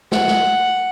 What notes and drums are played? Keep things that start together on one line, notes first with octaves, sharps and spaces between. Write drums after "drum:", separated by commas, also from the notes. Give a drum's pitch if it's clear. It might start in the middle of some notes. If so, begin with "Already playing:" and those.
F#5, drum: snare
drum: snare